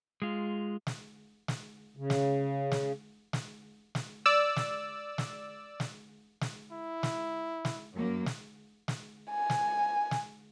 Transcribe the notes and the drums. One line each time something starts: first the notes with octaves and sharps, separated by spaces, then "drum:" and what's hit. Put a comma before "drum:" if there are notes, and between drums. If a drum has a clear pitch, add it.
G#3 F4
drum: snare
drum: snare
C#3
drum: snare
drum: snare
drum: snare
drum: snare
D5 E6
drum: snare
drum: snare
drum: snare
drum: snare
E4
drum: snare
drum: snare
F#2 A#3
drum: snare
drum: snare
G#5
drum: snare
drum: snare